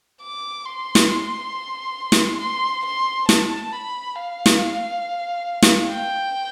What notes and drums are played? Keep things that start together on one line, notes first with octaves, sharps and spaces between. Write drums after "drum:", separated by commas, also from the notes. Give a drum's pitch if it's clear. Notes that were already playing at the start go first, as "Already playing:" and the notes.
D6
C6
drum: snare
drum: snare
C6
C6
A5, drum: snare
B5
F5
drum: snare
drum: snare
G5